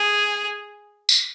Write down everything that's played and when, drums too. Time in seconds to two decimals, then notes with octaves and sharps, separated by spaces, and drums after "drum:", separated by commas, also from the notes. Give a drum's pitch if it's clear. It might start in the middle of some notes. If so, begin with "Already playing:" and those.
Already playing: G#4
1.09 drum: tambourine